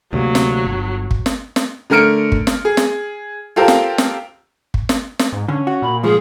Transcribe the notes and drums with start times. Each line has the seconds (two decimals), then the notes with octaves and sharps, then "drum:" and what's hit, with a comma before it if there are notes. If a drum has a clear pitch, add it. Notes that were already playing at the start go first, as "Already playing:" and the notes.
0.13 D2 C3 F#3 A#3
0.35 drum: snare
0.65 G1
1.11 drum: kick
1.26 drum: snare
1.56 drum: snare
1.90 D3 A3 A#4 F6 C#7 D7
2.32 drum: kick
2.47 drum: snare
2.65 G#4
2.77 drum: snare
3.56 F4 G4 A4 A#4 C5
3.68 drum: snare
3.98 drum: snare
4.74 drum: kick
4.89 drum: snare
5.19 drum: snare
5.33 G#2
5.48 D3 C#4
5.67 F#4
5.82 A#2 B5
6.03 G#2 F3 G#4